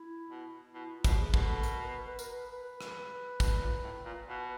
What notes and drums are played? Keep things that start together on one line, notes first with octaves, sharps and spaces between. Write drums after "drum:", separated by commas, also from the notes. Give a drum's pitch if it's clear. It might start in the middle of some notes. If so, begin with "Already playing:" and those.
Already playing: E4
B2
B2 E4
F4
B2, drum: kick, tambourine
G4
G#4
B2, drum: kick
A4
A#4, drum: tambourine
B4
B4
A#4, drum: tambourine
B4
B4
drum: rim click
B2, drum: kick, tambourine
A#2
A2
A#2
B2 B4